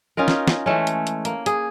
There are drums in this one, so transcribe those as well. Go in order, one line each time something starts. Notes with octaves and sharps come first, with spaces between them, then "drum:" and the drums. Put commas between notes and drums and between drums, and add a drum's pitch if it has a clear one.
C#4 D#4 F4 A#4
drum: snare
drum: snare
E3 G#3 A3 C#4
drum: hi-hat
drum: hi-hat
A#3, drum: hi-hat
G#4, drum: hi-hat